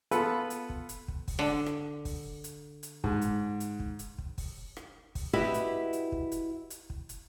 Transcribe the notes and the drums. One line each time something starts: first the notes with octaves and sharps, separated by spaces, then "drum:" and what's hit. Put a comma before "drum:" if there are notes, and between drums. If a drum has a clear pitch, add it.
B3 F4 A4 B4, drum: hi-hat
drum: hi-hat
drum: kick
drum: hi-hat
drum: kick
drum: kick, open hi-hat
D3
drum: rim click
drum: kick, open hi-hat
drum: hi-hat
drum: hi-hat
G#2, drum: kick
drum: hi-hat
drum: hi-hat
drum: kick
drum: hi-hat
drum: kick
drum: kick, open hi-hat
drum: rim click
drum: kick, open hi-hat
E4 F#4 G4 B4 D#5 E5
drum: hi-hat
drum: hi-hat
drum: kick
drum: hi-hat
drum: hi-hat
drum: kick
drum: hi-hat